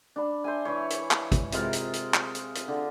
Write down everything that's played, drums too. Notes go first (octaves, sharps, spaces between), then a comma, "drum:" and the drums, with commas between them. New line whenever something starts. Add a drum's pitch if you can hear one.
D4 B5
C5 E5 G#5
E3 E4 C#5
drum: hi-hat
drum: clap
drum: kick, hi-hat
C3 G#3 F4 A#4, drum: hi-hat
drum: hi-hat
drum: hi-hat
drum: clap
drum: hi-hat
drum: hi-hat
D3